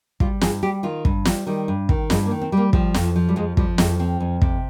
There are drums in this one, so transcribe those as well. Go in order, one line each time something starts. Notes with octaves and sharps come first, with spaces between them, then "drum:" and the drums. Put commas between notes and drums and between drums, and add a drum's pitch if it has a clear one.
G3 F4, drum: kick
G2 G#4, drum: snare
G3 G4
D#3 F4
G2, drum: kick
G3, drum: snare
D#3 G3
G2
D#3, drum: kick
G2 G#3, drum: snare
A#3
D#3
C4
G3 A#3
F3 G3, drum: kick
F2, drum: snare
F3
G3
F2 G#3
F3 G3, drum: kick
F2 G#3, drum: snare
F3 C4
F2
C3, drum: kick